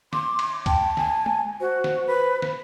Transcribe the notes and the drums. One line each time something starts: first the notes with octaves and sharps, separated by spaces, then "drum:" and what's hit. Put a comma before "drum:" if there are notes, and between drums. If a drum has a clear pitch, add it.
C6 D6, drum: snare
drum: cymbal
G5 A5, drum: kick C2, cymbal
G#5, drum: snare
drum: tom
F#4 C5
drum: snare
B4
drum: snare